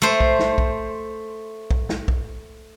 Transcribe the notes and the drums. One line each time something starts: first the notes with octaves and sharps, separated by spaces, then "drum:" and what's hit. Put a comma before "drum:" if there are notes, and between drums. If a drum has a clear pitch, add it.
A3 C5
drum: kick
drum: snare
drum: kick
drum: kick
drum: snare
drum: kick